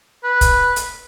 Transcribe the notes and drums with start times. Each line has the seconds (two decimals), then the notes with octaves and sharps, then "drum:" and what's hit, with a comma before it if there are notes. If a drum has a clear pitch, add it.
0.23 B4
0.41 drum: kick, hi-hat
0.76 drum: hi-hat